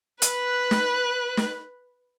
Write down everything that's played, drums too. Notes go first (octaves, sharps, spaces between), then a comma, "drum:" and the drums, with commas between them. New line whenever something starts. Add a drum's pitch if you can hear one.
B4 F#6, drum: hi-hat
drum: snare
drum: snare